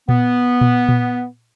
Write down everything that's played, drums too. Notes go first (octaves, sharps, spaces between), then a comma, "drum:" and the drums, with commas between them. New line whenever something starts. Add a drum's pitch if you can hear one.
B3, drum: tom A#2
drum: tom A#2
drum: tom A#2